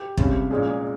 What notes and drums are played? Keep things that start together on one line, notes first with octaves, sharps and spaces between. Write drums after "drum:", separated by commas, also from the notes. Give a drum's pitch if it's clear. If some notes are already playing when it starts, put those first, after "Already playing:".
Already playing: G4
C#2 C3 G3 C#4, drum: kick
A#1 A#2 G#3 C#4 G#4
G#4